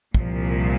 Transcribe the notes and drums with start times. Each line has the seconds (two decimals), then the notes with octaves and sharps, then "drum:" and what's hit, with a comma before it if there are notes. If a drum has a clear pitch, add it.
0.15 C2 A#2 F3, drum: kick